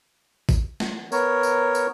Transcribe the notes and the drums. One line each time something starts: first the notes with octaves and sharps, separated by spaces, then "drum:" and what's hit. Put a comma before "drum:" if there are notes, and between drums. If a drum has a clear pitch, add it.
drum: kick G#1, tambourine
drum: snare
B3 A#4 C#5, drum: tambourine
drum: tambourine
drum: tambourine